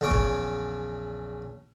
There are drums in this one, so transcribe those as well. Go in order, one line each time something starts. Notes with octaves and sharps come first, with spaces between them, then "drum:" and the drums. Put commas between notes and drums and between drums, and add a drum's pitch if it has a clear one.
A#1 E2 C#3 C#5 D6
drum: kick